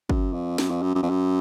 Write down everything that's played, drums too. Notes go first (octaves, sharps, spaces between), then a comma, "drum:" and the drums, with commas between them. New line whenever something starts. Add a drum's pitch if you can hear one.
F#2, drum: kick
F2
F#2, drum: snare
F2
F#2
F#2
F2
F#2